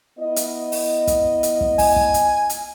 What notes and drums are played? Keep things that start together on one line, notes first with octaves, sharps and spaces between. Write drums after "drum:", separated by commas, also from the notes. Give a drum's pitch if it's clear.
B3 E4 D#5
drum: hi-hat
drum: open hi-hat
drum: kick, hi-hat
drum: hi-hat
drum: kick
G#5, drum: kick, open hi-hat
drum: kick
drum: hi-hat
drum: hi-hat